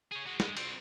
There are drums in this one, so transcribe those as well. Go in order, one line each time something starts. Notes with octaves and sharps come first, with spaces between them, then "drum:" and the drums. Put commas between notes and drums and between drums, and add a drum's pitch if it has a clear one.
G#4 C#5
G#3 F#4
G2 G#3, drum: snare
C2 C4, drum: cymbal